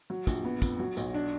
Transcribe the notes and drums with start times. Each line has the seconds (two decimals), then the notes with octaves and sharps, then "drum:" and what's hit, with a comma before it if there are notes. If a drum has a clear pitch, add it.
0.10 F#3
0.27 A#1, drum: kick, tambourine
0.45 B3
0.62 F2, drum: kick, tambourine
0.79 F#3
0.97 B1, drum: tambourine
1.14 D4